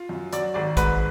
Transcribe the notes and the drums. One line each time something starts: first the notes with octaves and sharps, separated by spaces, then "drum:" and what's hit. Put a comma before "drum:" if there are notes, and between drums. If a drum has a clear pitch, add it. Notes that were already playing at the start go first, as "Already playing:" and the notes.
Already playing: F4
F#2
F#3 D5, drum: hi-hat
G#1 D5
G#2 B4, drum: kick, hi-hat